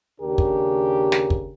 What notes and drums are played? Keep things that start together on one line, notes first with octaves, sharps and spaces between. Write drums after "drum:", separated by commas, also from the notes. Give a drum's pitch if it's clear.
D#2 C#3 D4 G4 A#4
drum: kick
drum: snare
drum: kick